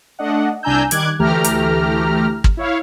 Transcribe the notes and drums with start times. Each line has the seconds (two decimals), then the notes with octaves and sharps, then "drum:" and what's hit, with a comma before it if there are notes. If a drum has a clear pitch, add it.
0.19 A3 D4 D#5 F#5
0.63 C2 D4 G#5 A#5 E6 G6
0.91 D#3 G3 D6 F#6 G#6, drum: hi-hat
1.19 D2 E3 A3 G4 A#5 F6
1.44 drum: hi-hat
2.44 drum: kick
2.57 E4 C#5 F5